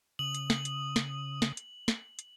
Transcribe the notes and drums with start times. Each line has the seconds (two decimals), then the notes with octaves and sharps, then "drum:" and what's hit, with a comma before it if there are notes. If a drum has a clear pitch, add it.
0.19 C#3 D#6 F#7
0.34 drum: hi-hat
0.50 drum: snare
0.65 drum: hi-hat
0.96 drum: snare
1.42 drum: snare
1.57 drum: hi-hat
1.88 drum: snare
2.19 drum: hi-hat